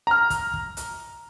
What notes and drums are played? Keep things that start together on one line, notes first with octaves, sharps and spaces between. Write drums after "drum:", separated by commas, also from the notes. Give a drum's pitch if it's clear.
A#5 F6
drum: kick, hi-hat
drum: kick
drum: hi-hat